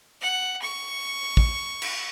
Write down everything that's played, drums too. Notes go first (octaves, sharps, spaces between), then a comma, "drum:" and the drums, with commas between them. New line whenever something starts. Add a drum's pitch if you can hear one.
F#5
C#6
drum: kick
drum: cymbal